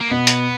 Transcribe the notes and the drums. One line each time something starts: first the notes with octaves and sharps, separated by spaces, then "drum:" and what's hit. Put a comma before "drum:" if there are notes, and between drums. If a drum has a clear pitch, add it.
A#3
B2 B3
drum: hi-hat